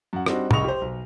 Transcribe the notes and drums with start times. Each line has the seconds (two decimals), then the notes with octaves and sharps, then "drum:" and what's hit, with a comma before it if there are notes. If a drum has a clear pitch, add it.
0.13 F#2 F#5
0.26 G3 C4 D4 D#4 F#4, drum: rim click
0.51 F1 C2 C#3 D#5 C#6 F7, drum: tom
0.64 G4 C5
0.81 B1